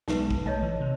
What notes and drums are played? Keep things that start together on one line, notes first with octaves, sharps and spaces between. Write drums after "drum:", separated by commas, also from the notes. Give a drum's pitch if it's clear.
B1 G#3 D#4 B4, drum: snare
drum: kick A#1
A3 C#5 D#5 A5
E3
C3